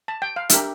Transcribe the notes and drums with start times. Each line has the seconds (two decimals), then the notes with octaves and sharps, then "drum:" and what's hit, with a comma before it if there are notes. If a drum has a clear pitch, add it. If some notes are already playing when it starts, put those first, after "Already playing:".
0.08 A5
0.22 G5
0.36 F5
0.50 D4 G4 A#4 E5, drum: hi-hat